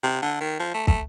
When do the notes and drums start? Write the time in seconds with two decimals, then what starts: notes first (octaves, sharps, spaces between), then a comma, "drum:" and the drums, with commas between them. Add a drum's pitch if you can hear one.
0.03 C3
0.22 D3
0.40 D#3
0.59 F3
0.74 A3
0.87 A3, drum: kick